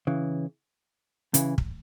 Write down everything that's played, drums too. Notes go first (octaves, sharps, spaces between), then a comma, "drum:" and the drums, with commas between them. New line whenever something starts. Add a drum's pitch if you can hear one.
C#3 E3
C#3 E3, drum: hi-hat
drum: kick